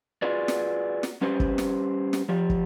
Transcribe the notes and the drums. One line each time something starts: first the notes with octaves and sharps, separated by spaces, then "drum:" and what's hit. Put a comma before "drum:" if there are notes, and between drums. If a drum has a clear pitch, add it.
F4 F#4 G#4 B4 D5
drum: snare
drum: snare
G3 C#4 G4 B4 C5
drum: kick
drum: snare
drum: snare
F3 G4
drum: kick